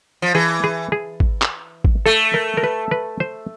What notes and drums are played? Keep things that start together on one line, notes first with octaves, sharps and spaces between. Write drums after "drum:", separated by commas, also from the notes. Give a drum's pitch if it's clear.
F3
E3 G#4
G#4
G#4
drum: kick G#1
drum: clap
drum: kick G#1
A3 A4
A#4
A#4
B4
B4
C5